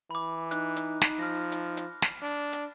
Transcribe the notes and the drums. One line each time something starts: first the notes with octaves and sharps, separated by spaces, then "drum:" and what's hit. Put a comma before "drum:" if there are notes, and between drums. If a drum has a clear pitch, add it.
E3 B5 D6
D#4 F#6, drum: hi-hat
drum: hi-hat
drum: snare
F3 F6 A#6
drum: hi-hat
drum: hi-hat
drum: snare
D4
drum: hi-hat